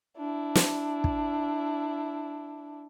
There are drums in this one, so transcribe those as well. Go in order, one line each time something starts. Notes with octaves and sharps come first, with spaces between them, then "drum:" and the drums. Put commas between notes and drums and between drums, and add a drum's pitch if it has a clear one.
D4 E4
drum: snare
drum: kick